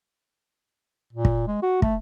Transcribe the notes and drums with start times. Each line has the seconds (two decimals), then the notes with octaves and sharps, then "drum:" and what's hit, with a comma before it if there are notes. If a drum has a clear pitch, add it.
1.13 A#2
1.25 drum: kick
1.47 G#3
1.62 F#4
1.82 A3, drum: kick